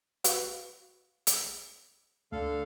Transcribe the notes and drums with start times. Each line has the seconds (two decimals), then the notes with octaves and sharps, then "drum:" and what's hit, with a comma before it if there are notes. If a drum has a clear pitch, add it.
0.24 F#4 B4 F5, drum: hi-hat
1.27 drum: hi-hat
2.32 D2 D3 A4 F5